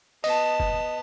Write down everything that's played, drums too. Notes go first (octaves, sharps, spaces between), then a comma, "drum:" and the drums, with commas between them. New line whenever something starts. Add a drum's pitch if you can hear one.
B3 D#5 A5, drum: open hi-hat
drum: kick F1